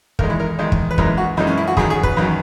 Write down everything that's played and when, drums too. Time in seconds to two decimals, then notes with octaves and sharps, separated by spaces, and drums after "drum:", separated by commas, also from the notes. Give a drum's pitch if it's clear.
0.19 E2 D#3 G#3 A#4, drum: kick
0.30 E4
0.40 A#4
0.59 E2 D#3 G#3
0.72 drum: kick
0.91 B4
0.98 F#2 E3 G#3 A#4, drum: kick
1.17 F#4
1.37 F#2 E3 G#3 D#4
1.47 C#4
1.58 E4
1.67 F#4
1.77 F#2 D#3 F#3 G#4, drum: kick
1.90 G#4
2.03 B4, drum: kick
2.17 F#2 D#3 F#3